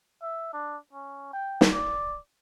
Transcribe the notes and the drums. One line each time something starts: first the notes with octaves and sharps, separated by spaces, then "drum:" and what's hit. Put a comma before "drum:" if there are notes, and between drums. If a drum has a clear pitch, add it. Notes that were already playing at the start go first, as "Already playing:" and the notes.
E5
D4
C#4
G5
drum: snare
D5